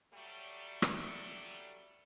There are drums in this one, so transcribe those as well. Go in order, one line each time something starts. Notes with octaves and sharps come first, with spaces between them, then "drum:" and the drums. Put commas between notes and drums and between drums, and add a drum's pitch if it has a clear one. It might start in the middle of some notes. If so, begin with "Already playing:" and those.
F#3 G3 A3
drum: rim click